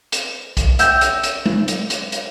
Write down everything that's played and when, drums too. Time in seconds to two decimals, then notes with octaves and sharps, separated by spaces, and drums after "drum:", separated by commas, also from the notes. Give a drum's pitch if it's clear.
0.12 drum: hi-hat
0.57 drum: kick B1, hi-hat
0.79 E5 G5, drum: hi-hat
1.01 drum: hi-hat
1.23 drum: hi-hat
1.46 drum: tom G#3
1.68 drum: hi-hat
1.90 drum: hi-hat
2.12 drum: hi-hat